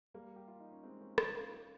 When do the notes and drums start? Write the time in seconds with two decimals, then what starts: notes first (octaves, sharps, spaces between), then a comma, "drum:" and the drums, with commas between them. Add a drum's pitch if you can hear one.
0.14 G3 A#3
0.36 G4
0.48 F4
0.60 D#4
0.72 C#4
0.83 G#3 C4
1.01 A#3 C#4
1.18 C4 D#4, drum: rim click
1.35 C#4 F4
1.53 C#4 F4